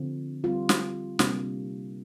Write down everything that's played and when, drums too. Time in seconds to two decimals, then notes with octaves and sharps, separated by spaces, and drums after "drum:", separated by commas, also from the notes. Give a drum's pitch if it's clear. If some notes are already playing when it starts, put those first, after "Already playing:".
Already playing: D3 F3 C4 F4
0.44 G3 C4 F4
0.69 drum: snare
1.19 C3 G3 A#3 D4, drum: snare